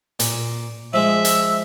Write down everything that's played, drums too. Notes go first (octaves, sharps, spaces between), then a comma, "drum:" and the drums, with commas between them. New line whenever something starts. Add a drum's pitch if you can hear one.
A#2, drum: hi-hat
F3 G#3 E5
drum: hi-hat